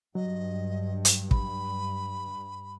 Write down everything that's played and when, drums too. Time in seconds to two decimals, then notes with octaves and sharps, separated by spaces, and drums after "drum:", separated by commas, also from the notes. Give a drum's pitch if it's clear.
0.15 G2 F#3 D#5
1.05 drum: hi-hat
1.31 B5, drum: kick